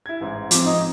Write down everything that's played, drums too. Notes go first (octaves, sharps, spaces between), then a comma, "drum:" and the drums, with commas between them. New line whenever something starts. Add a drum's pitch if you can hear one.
E4 G#6
A1 G#2
F3 C4 D6, drum: hi-hat
D#4